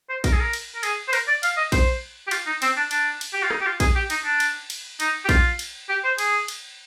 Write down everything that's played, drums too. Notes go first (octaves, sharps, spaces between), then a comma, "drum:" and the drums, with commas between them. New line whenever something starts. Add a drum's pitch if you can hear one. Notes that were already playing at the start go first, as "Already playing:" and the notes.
C5
A#4, drum: kick A#1, cymbal
G#4
A#4
drum: cymbal
A#4
G#4, drum: cymbal
C5
A#4, drum: cymbal
D5
F5, drum: cymbal
D#5
C5, drum: kick A#1, cymbal
G4
F4, drum: cymbal
D#4
C4, drum: cymbal
D4
D4, drum: cymbal
drum: cymbal
G4
F4
D#4, drum: rim click
G4
F4
G#4, drum: kick A#1, cymbal
G4
D#4, drum: cymbal
D4
drum: cymbal
drum: cymbal
D#4, drum: cymbal
G4
F4, drum: kick A#1, cymbal
drum: cymbal
G4
C5
G#4, drum: cymbal
drum: cymbal